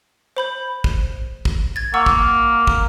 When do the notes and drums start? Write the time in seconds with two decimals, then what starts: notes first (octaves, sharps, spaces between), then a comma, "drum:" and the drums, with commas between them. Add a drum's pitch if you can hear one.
0.37 C5 B5 G6
0.84 drum: kick
1.45 drum: kick
1.76 G#6 A6
1.94 A#3 F#5 C#6 E6
2.06 drum: kick
2.67 drum: kick